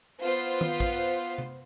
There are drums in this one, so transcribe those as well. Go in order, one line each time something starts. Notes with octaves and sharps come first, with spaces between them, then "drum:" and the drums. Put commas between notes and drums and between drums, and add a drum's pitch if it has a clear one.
B3 F4 C5
drum: tom D#3
drum: kick
drum: tom C3